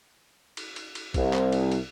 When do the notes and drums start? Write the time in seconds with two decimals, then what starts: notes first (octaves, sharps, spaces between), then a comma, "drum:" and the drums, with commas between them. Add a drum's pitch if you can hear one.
0.57 drum: cymbal
0.76 drum: cymbal
0.95 drum: cymbal
1.14 C2, drum: kick A#1, cymbal
1.33 drum: clap
1.52 drum: cymbal
1.72 drum: cymbal